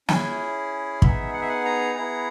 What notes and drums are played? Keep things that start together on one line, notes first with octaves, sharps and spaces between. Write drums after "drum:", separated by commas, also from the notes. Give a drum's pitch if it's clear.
C#4 E4 G#4, drum: snare
B3 D#4 G#4 E5, drum: kick
F#5
E5
F#5
A#5
B3 E4 G#4